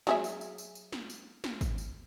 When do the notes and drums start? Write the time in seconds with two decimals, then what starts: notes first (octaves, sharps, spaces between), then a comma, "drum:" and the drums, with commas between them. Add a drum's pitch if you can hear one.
0.07 F#3 G#4 E5, drum: snare
0.24 drum: tambourine
0.41 drum: tambourine
0.58 drum: tambourine
0.75 drum: tambourine
0.92 drum: snare
1.10 drum: tambourine
1.44 drum: snare
1.61 drum: kick, tambourine
1.78 drum: tambourine